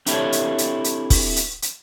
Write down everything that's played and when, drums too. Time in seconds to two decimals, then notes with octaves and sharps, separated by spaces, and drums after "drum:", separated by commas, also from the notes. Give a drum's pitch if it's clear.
0.06 C4 D4 E4 G4 A4 C#5, drum: hi-hat
0.32 drum: hi-hat
0.58 drum: hi-hat
0.84 drum: hi-hat
1.10 drum: kick, open hi-hat
1.36 drum: hi-hat
1.62 drum: hi-hat